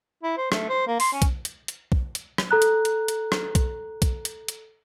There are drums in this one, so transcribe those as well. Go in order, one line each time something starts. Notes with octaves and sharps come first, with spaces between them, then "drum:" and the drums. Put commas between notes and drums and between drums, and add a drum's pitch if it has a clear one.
E4
C5
A3, drum: rim click
C5
A#3
C6, drum: open hi-hat
C#4
drum: kick B1, hi-hat
drum: hi-hat
drum: hi-hat
drum: kick B1
drum: hi-hat
drum: rim click
A4 A#5 F#6
drum: hi-hat
drum: hi-hat
drum: hi-hat
drum: rim click
drum: kick B1, hi-hat
drum: kick B1, hi-hat
drum: hi-hat
drum: hi-hat